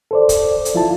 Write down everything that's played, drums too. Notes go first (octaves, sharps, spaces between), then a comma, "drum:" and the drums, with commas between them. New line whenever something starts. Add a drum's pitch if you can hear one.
A4 C5 D5
drum: kick, hi-hat
drum: hi-hat
F3 E4 F4 A5